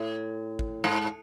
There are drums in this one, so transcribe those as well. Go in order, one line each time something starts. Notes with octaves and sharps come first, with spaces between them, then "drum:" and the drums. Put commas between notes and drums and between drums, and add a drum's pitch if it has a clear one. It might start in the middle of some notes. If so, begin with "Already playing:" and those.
Already playing: A2
drum: kick G#1
G#2